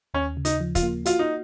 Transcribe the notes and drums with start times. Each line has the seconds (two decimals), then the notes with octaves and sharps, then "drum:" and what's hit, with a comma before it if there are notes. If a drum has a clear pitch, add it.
0.14 D#2 C#4
0.37 C#3
0.45 D#4, drum: hi-hat
0.61 F3
0.75 F4, drum: kick, hi-hat
0.83 A#3
1.06 F4 F#4, drum: hi-hat
1.19 D#4